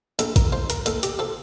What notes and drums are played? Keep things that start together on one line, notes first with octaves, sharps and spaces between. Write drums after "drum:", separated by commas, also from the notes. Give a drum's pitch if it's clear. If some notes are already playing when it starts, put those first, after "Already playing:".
A#1 A4, drum: hi-hat
A#4, drum: kick, hi-hat
F3 C5
A#4, drum: hi-hat
A#2 A4, drum: hi-hat
G4, drum: hi-hat
F3 A4